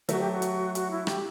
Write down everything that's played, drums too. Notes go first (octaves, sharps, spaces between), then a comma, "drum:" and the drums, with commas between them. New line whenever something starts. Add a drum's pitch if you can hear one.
F#3 A3 F#4, drum: hi-hat
G4
F#4
drum: hi-hat
F#4, drum: hi-hat
E4
G4, drum: rim click